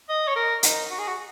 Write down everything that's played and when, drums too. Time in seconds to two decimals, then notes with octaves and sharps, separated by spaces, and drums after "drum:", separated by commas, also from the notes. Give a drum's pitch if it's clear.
0.09 D#5
0.27 C#5
0.36 A#4
0.63 D#4, drum: hi-hat
0.91 F#4
0.99 G#4
1.07 F#4